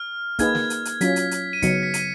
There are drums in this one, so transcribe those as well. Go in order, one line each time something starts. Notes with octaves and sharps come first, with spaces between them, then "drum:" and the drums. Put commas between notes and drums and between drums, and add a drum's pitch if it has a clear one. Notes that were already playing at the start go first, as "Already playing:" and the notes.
Already playing: F6
A#3 D#4 G#4 B4 G#6, drum: kick, hi-hat
drum: snare
drum: hi-hat
drum: hi-hat
F#3 C#4 F4 B6, drum: hi-hat
drum: hi-hat
drum: hi-hat
D#7
C#3 F#3 B3 D#4 C#7, drum: kick, hi-hat
B6
D#7, drum: hi-hat